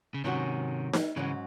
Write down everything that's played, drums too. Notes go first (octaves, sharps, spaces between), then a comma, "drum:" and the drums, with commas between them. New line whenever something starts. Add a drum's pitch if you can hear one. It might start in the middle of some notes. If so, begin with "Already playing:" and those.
C#3
G#2 C3 D#3 F#3 C#4 F#4
drum: snare D#4
G#2 C#3 E3 F#3 C#4 F#4